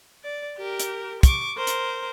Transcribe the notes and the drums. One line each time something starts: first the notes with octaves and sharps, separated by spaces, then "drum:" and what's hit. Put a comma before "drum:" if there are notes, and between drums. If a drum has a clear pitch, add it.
D5
G4 A#4
drum: hi-hat
C#6 D6, drum: kick, hi-hat
A#4 C5
drum: hi-hat